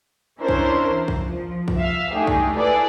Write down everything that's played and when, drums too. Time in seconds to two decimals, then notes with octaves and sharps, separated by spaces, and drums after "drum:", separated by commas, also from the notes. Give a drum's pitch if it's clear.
0.39 C#4 D4 E4 A#4 C5 C#5
0.48 drum: kick A#1
0.90 E3
1.08 drum: kick A#1
1.23 F3
1.68 drum: kick A#1
1.78 E5 F5
2.13 A3 D4 D#4 G4 G#4
2.27 drum: kick A#1
2.57 E4 G#4 A4 B4 D5